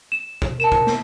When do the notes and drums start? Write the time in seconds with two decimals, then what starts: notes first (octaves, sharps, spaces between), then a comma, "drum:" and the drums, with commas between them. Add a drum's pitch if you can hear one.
0.12 E7
0.42 drum: kick
0.60 A#4 A5 E7
0.72 drum: kick
0.87 drum: snare